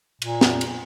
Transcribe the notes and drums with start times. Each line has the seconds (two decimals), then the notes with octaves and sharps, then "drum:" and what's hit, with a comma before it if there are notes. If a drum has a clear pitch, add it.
0.22 A#2, drum: cymbal
0.41 drum: snare
0.61 drum: cymbal